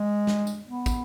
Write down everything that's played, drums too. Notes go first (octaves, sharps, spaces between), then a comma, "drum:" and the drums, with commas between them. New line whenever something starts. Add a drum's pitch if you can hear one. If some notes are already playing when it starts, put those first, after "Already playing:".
Already playing: G#3
drum: snare
drum: tambourine
B3
drum: kick, tambourine